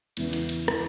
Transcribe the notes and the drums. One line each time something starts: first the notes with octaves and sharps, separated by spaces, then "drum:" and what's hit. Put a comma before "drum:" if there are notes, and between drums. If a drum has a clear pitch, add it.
E2 C#3 E3, drum: cymbal
drum: cymbal
drum: cymbal
E3, drum: rim click